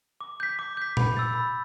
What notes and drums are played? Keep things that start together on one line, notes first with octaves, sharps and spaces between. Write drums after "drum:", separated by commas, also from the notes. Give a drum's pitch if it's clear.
D6
G6 B6
D6
G6 B6
B5, drum: tom A#2
E6 A6
B5